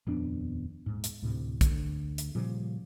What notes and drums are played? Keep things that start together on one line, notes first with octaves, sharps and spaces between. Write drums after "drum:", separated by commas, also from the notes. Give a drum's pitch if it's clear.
D#1 F2 B3 D4
D#1 G#2
drum: hi-hat
D2 A2 C3
D2, drum: kick, hi-hat
drum: hi-hat
A#2 C#3 F3 G3